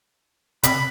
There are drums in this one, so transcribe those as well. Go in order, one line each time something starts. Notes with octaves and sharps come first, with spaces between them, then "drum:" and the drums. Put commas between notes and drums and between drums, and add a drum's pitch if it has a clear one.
C3 B5, drum: hi-hat